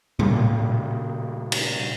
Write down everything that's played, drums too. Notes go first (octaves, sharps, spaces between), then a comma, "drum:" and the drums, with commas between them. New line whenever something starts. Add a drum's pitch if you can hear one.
A#2 C#3 G3, drum: tom A2
drum: cymbal